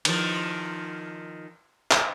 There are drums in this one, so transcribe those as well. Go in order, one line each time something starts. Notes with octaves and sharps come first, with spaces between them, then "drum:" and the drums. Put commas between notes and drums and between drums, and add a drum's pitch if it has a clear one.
D#3 F3, drum: cymbal
drum: clap